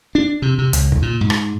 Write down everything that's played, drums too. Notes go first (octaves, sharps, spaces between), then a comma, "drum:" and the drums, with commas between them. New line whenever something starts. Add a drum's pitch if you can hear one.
D4
C3
C3
C#2, drum: hi-hat
drum: kick
A#2
G#2
drum: rim click